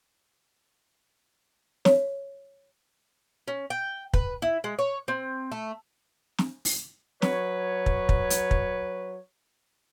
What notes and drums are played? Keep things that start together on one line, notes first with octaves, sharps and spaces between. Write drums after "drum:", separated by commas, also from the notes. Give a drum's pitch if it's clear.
C#5, drum: snare
C#4
G5
B4, drum: kick
E4
G#3
C#5
C4
A3
drum: snare
drum: open hi-hat
F#3 B4 C#5, drum: snare
drum: kick
drum: kick
drum: hi-hat
drum: kick